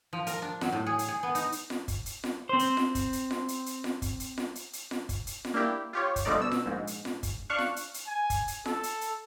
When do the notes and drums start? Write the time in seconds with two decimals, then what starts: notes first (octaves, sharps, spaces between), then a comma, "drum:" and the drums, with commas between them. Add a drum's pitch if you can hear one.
0.13 F3
0.27 A#4, drum: hi-hat
0.42 D4
0.61 F#3, drum: snare F4
0.73 A2
0.87 G#4
0.99 drum: hi-hat
1.08 G#4
1.23 B3
1.35 D#4, drum: hi-hat
1.52 drum: hi-hat
1.70 drum: snare F4
1.88 drum: kick, hi-hat
2.06 drum: hi-hat
2.24 drum: snare F4
2.49 C4 C5
2.59 drum: hi-hat
2.77 drum: snare F4
2.95 drum: kick, hi-hat
3.13 drum: hi-hat
3.31 drum: snare F4
3.48 drum: hi-hat
3.66 drum: hi-hat
3.84 drum: snare F4
4.02 drum: kick, hi-hat
4.20 drum: hi-hat
4.38 drum: snare F4
4.55 drum: hi-hat
4.73 drum: hi-hat
4.91 drum: snare F4
5.09 drum: kick, hi-hat
5.27 drum: hi-hat
5.45 drum: snare F4
5.54 A#3 D4 E4 G4
5.93 F4 G4 C#5
6.16 drum: kick, hi-hat
6.25 D3 F3 G3 A3 D#4 D5
6.38 B2 E6
6.52 drum: snare F4
6.65 A#1 G#2
6.87 drum: hi-hat
7.05 drum: snare F4
7.23 drum: kick, hi-hat
7.50 D4 F5 C#6 F#6
7.59 drum: snare F4
7.76 drum: hi-hat
7.94 drum: hi-hat
8.07 G#5
8.30 drum: kick, hi-hat
8.48 drum: hi-hat
8.66 A4, drum: snare F4
8.83 drum: hi-hat
9.01 drum: hi-hat